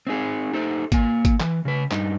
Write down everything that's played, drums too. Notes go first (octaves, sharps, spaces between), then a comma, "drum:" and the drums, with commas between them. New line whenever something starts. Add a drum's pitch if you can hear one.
C4 D#4 G#4
D#4 A4 C5
A#3 G#5, drum: kick G#1, hi-hat
drum: kick G#1, hi-hat
E3, drum: clap
C#3 B4
G2 D#4, drum: clap